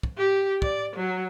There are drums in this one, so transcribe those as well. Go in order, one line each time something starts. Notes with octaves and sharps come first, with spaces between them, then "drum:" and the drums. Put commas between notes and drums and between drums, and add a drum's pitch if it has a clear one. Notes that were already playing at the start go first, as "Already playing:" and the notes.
drum: kick
G4
D5, drum: kick
F#3